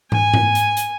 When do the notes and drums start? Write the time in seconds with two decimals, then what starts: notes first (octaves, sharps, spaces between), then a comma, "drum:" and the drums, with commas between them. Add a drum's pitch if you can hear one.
0.12 G#5, drum: tom
0.34 drum: tom G#2
0.55 drum: hi-hat
0.77 drum: hi-hat